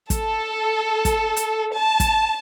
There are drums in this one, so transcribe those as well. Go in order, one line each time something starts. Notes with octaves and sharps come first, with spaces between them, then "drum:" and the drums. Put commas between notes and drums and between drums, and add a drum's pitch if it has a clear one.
A4, drum: kick, hi-hat
drum: kick, hi-hat
drum: hi-hat
A5
drum: kick, hi-hat